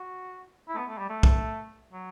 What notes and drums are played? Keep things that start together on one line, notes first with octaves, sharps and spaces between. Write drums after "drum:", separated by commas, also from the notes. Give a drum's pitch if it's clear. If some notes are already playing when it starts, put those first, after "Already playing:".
Already playing: F#4
E4
A3
B3
A3
G3
A3
drum: kick B1
F#3